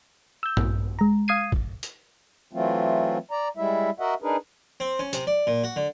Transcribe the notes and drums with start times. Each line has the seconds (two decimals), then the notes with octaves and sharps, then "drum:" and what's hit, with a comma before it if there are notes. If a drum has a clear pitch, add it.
0.43 E6 G6
0.57 A#1, drum: tom G2
0.99 G#3 A#5
1.28 F5 D#6 G#6 C7 D#7
1.52 drum: kick
1.83 drum: hi-hat
2.53 E3 F#3 A3 C4 F4
3.31 D5 A#5
3.57 G3 G#3 E4 E5
4.00 F#4 A#4 D#5 E5 F#5
4.22 D4 D#4 G#4 A#4 B4
4.80 C4
4.99 C#4
5.13 C3, drum: hi-hat
5.27 D5
5.47 A#2
5.64 F#4
5.76 D3